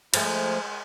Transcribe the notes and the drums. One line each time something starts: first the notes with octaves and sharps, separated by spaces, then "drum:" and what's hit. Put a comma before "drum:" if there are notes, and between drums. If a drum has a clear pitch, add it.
F3 G#3 A3, drum: cymbal